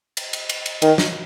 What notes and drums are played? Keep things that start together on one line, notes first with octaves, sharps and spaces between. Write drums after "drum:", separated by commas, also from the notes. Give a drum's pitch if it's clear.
drum: cymbal
drum: cymbal
drum: cymbal
drum: cymbal
D#3, drum: cymbal
drum: snare